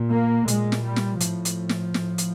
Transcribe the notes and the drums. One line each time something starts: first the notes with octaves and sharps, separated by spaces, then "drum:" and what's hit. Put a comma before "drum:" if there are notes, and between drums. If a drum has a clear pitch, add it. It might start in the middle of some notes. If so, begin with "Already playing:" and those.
Already playing: A#2
A#3
A#2 G#3, drum: hi-hat
drum: snare
G3
drum: snare
A2 F3, drum: hi-hat
drum: hi-hat
drum: snare
A2, drum: snare
drum: hi-hat